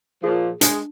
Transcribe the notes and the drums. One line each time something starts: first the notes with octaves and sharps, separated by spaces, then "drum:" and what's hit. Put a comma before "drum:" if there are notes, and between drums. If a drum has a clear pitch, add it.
A#2 F3 G#4
G#3 D4 G#4, drum: hi-hat